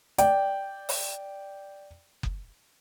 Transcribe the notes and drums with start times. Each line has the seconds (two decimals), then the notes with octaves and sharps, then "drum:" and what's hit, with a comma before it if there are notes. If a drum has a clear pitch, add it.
0.18 D5 G5, drum: hi-hat
0.89 drum: open hi-hat
2.23 drum: kick F#1